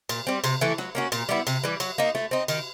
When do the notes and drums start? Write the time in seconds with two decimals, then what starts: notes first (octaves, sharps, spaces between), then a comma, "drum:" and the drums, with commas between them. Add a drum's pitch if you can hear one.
0.09 A#2, drum: cymbal
0.27 G3 C4
0.44 C3, drum: cymbal
0.61 E3 A3
0.78 F#3, drum: snare
0.95 A#3 C#4 F#4
1.12 A#2, drum: cymbal
1.29 G3 B3 E4
1.47 C3, drum: cymbal
1.64 E3 G3
1.80 F#3, drum: cymbal
1.98 A#3 D#4
2.15 A3, drum: snare
2.31 C4 D#4
2.48 D#3, drum: cymbal